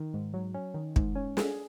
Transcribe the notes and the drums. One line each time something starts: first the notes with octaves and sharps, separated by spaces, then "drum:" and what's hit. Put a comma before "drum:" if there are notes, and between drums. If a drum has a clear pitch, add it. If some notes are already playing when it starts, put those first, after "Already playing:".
Already playing: D#3
G#2
F#3
C#4
D#3
G#2, drum: kick
C#4
G#4, drum: snare